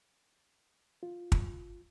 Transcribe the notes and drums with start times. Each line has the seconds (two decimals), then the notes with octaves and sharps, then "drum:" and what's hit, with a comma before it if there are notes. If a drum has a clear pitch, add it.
1.03 F4
1.32 drum: kick